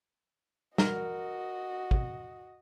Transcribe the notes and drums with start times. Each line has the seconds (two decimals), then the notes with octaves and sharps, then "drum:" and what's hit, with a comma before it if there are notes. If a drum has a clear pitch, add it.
0.78 F#4 A#4 D#5, drum: snare
1.91 drum: kick